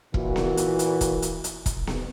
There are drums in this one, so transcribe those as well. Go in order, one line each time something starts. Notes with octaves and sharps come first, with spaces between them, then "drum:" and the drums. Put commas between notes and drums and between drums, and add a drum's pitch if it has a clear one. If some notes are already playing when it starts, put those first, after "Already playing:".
A#2 E3 F#4, drum: kick E1
drum: snare B3
drum: hi-hat
drum: hi-hat
drum: kick E1, hi-hat
drum: hi-hat
drum: hi-hat
drum: kick E1, hi-hat
drum: snare B3